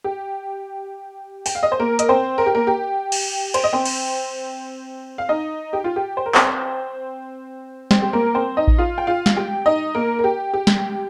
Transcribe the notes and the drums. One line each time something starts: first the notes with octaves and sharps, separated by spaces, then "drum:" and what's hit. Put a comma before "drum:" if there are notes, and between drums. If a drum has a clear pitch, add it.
G4
G5, drum: open hi-hat
F5
D#5
C5
A#3 A#4
D#5, drum: hi-hat
C4 C5
A#4
G4
A#3 A#4
G4
drum: cymbal
C5, drum: cymbal
D#5
C4 C5
drum: cymbal
F5
D#4 D#5
G4
F4
G4
C5
A#4
C4 C5, drum: clap
C4 C5, drum: snare
G4
A#3 A#4
C4 C5
D#4 D#5
drum: kick A1
F4 F5
G5
F4 F5
F5, drum: snare
G4 G5
D#4 D#5
A#3 A#4
A#4
G4
G4
drum: snare